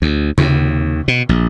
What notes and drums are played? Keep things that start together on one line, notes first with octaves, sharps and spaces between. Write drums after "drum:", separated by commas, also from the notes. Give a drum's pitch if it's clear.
D2
D#2, drum: tom C#3
B2
A#1